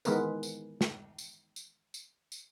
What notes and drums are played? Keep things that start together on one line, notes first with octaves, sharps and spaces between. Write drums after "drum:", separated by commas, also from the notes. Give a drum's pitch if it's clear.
D#3 E3 G#3 B3 A#4 B4, drum: tambourine
drum: tambourine
drum: snare
drum: tambourine
drum: tambourine
drum: tambourine
drum: tambourine